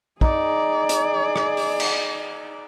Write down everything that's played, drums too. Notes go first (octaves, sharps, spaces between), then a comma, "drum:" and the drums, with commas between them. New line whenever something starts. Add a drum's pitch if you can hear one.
D#4 G#4 D5, drum: kick
drum: hi-hat
drum: rim click
drum: open hi-hat
drum: cymbal